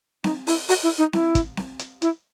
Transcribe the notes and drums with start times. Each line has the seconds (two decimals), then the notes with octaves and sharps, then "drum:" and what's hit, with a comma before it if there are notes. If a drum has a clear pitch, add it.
0.24 D#4, drum: snare C4
0.47 E4, drum: open hi-hat
0.69 F#4, drum: open hi-hat
0.83 E4
0.98 D#4
1.13 E4, drum: snare C4
1.35 drum: kick, hi-hat
1.57 drum: snare C4
1.79 drum: hi-hat
2.02 E4, drum: hi-hat